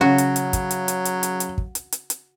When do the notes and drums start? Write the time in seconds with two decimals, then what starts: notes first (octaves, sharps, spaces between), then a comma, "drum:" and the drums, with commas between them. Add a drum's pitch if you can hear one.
0.01 C#3 F#3 F#4
0.18 drum: hi-hat
0.36 drum: hi-hat
0.53 drum: kick, hi-hat
0.71 drum: hi-hat
0.88 drum: hi-hat
1.05 drum: hi-hat
1.23 drum: hi-hat
1.40 drum: hi-hat
1.58 drum: kick
1.75 drum: hi-hat
1.92 drum: hi-hat
2.10 drum: hi-hat